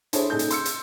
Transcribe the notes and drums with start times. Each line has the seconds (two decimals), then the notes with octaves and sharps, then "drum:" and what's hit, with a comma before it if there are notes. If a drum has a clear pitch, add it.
0.13 D4 E4 G#4 A4 C5 C#5, drum: hi-hat
0.30 A#2 C#3 D#4 G#4 A4 G6
0.39 drum: hi-hat
0.50 C6 E6 C#7, drum: hi-hat
0.65 drum: hi-hat